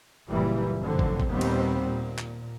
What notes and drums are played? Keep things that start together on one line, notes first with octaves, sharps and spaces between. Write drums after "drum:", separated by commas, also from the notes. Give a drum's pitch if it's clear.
F#1 A#2 E3 G3
F1 F#2 D3 C4
drum: kick
drum: kick
D#2 A#2 D#3 G3 B3 C4
drum: cymbal
A#2
drum: clap